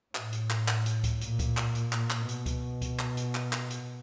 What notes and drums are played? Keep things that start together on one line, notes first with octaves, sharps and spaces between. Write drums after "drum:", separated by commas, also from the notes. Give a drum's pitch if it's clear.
A2, drum: clap
drum: hi-hat
drum: clap
drum: clap
drum: hi-hat
drum: kick C#2, hi-hat
A#2, drum: hi-hat
drum: kick C#2, hi-hat
drum: clap
drum: hi-hat
drum: clap
drum: clap
B2, drum: hi-hat
drum: kick C#2, hi-hat
drum: kick C#2, hi-hat
drum: clap
drum: hi-hat
drum: clap
drum: clap
drum: hi-hat